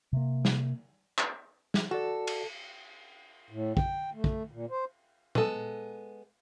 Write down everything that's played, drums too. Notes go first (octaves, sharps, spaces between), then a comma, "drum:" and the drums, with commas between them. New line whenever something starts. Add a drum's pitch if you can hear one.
C3 A#3
drum: snare
drum: clap
drum: snare
F#4 A4 D5
drum: cymbal
A2
G5, drum: kick
A3
drum: kick
A#2
C5
G#3 B3 A4, drum: tom